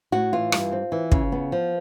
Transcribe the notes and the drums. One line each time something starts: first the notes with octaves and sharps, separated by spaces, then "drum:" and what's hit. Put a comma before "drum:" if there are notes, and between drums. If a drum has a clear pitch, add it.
A2 F#4
E3 F4
G2, drum: rim click
C4
E3
C#3, drum: kick
B3
F3